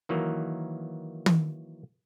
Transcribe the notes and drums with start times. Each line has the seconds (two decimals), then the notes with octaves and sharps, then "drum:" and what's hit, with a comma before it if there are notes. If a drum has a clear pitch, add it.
0.09 D#3 E3 F#3 A#3
1.26 drum: tom